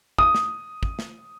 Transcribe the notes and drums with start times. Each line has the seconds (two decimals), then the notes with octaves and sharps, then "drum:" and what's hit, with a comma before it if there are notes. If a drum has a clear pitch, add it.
0.18 D#6, drum: kick
0.35 drum: snare
0.83 drum: kick
0.99 drum: snare